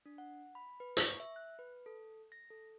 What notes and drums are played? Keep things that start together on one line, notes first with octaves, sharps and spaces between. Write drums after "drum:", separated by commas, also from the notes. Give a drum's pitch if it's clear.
D4
F#5
B5
B4
C#6, drum: hi-hat
E5
F#6
B4
A4
A#6
A4